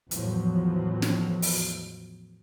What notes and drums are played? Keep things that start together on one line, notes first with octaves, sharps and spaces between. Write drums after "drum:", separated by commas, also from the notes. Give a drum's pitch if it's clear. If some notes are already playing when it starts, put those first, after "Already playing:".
E2 A2 F3 F#3, drum: hi-hat
drum: snare
drum: open hi-hat